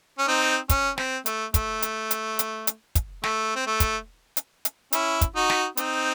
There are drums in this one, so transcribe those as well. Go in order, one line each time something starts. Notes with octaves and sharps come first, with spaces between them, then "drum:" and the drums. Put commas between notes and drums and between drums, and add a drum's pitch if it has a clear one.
C#4
C4 D#4
C#4, drum: kick, hi-hat
C4, drum: snare
A3, drum: hi-hat
A3, drum: kick, hi-hat
drum: hi-hat
drum: hi-hat
drum: hi-hat
drum: hi-hat
drum: kick, hi-hat
A3, drum: snare
C4
A3
drum: kick, hi-hat
drum: hi-hat
drum: hi-hat
C#4 E4, drum: hi-hat
drum: kick, hi-hat
D#4 F#4
drum: snare
C4 D#4, drum: hi-hat